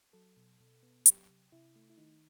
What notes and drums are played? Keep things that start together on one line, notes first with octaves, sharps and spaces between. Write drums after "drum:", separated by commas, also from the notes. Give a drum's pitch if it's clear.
F#3 A4
B2
B2
B3
F#3 G4, drum: hi-hat
C3
C3 E4
A3
E4
D#3 D#4